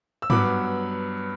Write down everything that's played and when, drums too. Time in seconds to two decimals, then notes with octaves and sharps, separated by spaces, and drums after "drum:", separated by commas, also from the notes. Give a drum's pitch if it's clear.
0.22 E6
0.30 G2 F#3 B3 B5 D6, drum: tom G#2